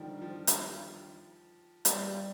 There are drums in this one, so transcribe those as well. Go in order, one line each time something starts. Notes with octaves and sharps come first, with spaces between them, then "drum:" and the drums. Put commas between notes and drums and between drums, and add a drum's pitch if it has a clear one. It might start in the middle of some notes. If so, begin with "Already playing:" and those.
Already playing: D3 D#3 F3 G3
F3
drum: hi-hat
G3, drum: hi-hat